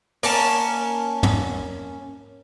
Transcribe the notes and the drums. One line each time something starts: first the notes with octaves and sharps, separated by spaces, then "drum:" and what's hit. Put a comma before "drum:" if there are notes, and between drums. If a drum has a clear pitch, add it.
A#3 C#4 A5, drum: open hi-hat
drum: tom